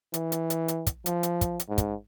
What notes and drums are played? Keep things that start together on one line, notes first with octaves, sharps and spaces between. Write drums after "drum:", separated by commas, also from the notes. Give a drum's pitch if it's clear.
E3, drum: hi-hat
drum: hi-hat
drum: hi-hat
drum: hi-hat
drum: kick, hi-hat
F3, drum: hi-hat
drum: hi-hat
drum: kick, hi-hat
drum: hi-hat
G#2
drum: kick, hi-hat